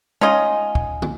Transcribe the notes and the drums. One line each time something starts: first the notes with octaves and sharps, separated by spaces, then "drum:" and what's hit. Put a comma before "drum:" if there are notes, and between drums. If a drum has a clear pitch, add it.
C#4 D#4 F4 D#5, drum: tom G#3
drum: kick
drum: tom